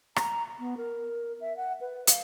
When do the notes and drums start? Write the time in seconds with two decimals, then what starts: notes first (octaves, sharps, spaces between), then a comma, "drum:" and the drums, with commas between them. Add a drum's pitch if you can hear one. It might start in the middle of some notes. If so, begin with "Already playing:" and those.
0.16 A#5, drum: rim click
0.59 B3
0.77 A#4
1.41 E5
1.57 F#5
1.81 B4
2.07 F5, drum: hi-hat